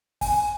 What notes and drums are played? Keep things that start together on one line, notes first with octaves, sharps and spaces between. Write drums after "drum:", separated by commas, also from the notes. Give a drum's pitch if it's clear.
G#5, drum: kick, open hi-hat